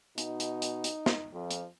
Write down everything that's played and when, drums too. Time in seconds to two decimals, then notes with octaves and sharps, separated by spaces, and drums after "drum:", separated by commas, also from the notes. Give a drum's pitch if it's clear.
0.18 B2 D#4, drum: hi-hat
0.40 drum: hi-hat
0.62 drum: hi-hat
0.84 drum: hi-hat
1.06 drum: snare
1.34 F2 F3
1.51 drum: hi-hat